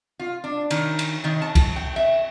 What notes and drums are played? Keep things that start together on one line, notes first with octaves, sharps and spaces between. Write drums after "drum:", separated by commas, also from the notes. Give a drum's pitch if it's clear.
F4
D4
D#3, drum: cymbal
drum: cymbal
D#3
A5
drum: kick, cymbal
G5
E5